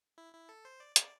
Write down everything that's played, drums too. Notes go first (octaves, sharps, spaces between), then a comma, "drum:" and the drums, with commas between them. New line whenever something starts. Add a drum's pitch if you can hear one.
E4
E4
A4
C5
D5
D5, drum: hi-hat